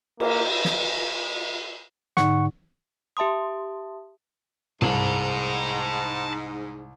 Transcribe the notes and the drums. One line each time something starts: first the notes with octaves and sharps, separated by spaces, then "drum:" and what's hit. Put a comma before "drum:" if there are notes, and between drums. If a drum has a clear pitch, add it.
A#3, drum: cymbal
drum: snare
G#2 D3 D#4 F#5 C#6, drum: snare
G4 E5 A5 C6 D#6
C2 G#2 A5 B5, drum: tom